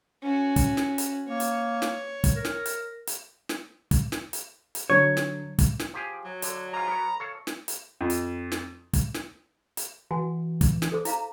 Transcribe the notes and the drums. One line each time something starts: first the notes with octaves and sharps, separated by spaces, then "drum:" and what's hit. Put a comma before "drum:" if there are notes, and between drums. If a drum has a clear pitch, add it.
C#4 F#4
drum: kick, hi-hat
drum: snare
drum: hi-hat
A#3 C#5
drum: hi-hat
drum: snare
drum: kick, hi-hat
A#4
drum: snare
drum: hi-hat
drum: hi-hat
drum: snare
drum: kick, hi-hat
drum: snare
drum: hi-hat
drum: hi-hat
D3 F#3 C#5
drum: snare
drum: kick, hi-hat
drum: snare
F3 G4 G#4
F#3
D3, drum: hi-hat
G#2 F4 A#5
B3 A#4 C#5
A4 C#5 F5
drum: snare
drum: hi-hat
F2
drum: hi-hat
drum: snare
drum: kick, hi-hat
drum: snare
drum: hi-hat
E3 F#4 F#5 G#5
drum: kick, hi-hat
drum: snare
A4 C5 D6
E4 F5 A#5, drum: hi-hat